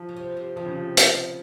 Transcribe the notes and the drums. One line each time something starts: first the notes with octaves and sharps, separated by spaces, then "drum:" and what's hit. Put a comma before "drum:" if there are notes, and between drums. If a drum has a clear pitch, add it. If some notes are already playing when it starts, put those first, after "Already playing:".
Already playing: F3
C#3
C3
C3
C3 F3
C#3
F3
drum: hi-hat